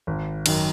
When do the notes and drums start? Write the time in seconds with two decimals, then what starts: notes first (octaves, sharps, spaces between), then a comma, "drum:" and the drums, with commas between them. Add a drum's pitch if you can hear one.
0.07 G#1
0.46 F#2 D#3, drum: cymbal